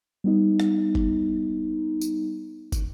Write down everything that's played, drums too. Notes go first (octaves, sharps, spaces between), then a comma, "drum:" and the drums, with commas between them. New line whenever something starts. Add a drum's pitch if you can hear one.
G3 B3 D#4
drum: rim click
drum: kick
drum: tambourine
drum: kick, tambourine